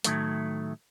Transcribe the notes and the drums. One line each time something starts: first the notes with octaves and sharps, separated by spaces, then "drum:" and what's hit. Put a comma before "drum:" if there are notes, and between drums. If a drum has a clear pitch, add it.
A2 D#3 F#3 A3, drum: hi-hat